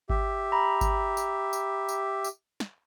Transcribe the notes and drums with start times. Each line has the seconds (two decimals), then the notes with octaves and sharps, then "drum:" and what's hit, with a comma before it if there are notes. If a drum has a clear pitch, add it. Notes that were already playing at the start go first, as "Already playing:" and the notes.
0.10 G4 E5, drum: kick G#1
0.52 A#5 B5
0.81 drum: kick G#1, tambourine
1.17 drum: tambourine
1.53 drum: tambourine
1.89 drum: tambourine
2.24 drum: tambourine
2.60 drum: snare